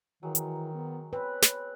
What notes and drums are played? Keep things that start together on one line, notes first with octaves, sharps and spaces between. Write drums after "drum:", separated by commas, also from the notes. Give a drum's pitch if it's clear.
D#3 E3 F#3 G#3
drum: hi-hat
B3
C4 B4 C#5
drum: snare